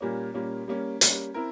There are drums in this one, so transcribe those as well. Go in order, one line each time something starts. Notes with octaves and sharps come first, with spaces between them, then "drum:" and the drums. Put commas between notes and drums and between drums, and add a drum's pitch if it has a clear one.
A#2 G3 A#3 C#4
A#2 G3 A#3 C#4
G3 A#3 C#4
G3 A#3 C#4, drum: hi-hat
C4 E4 A#4